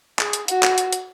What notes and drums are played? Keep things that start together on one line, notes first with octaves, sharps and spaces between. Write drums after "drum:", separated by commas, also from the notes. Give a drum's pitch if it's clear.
G#4, drum: clap
drum: hi-hat
F#4, drum: hi-hat
drum: clap
drum: hi-hat
drum: hi-hat